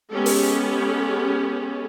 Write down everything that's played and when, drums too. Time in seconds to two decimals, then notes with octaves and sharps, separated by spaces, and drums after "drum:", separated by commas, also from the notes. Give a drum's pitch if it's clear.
0.13 G#3 B3 C#4 G4 A4
0.26 drum: open hi-hat